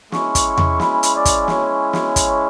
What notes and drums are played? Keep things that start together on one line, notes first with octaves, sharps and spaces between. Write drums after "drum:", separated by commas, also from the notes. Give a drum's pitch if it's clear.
G#3 C#4 E4 C#6, drum: snare
drum: kick, hi-hat
drum: tom E2
B5, drum: snare
drum: hi-hat
D5
drum: kick, hi-hat
C#5, drum: snare
drum: snare
drum: kick, hi-hat